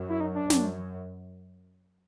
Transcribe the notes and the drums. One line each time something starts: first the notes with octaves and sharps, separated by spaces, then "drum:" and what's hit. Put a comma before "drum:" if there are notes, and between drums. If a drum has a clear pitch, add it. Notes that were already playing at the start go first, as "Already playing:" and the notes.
Already playing: F#2
E4
D#4
D4
F#2, drum: snare